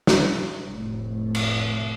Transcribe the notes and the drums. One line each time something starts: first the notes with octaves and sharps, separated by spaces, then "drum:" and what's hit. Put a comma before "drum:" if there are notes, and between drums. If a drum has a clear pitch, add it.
drum: snare
F1 A2
drum: cymbal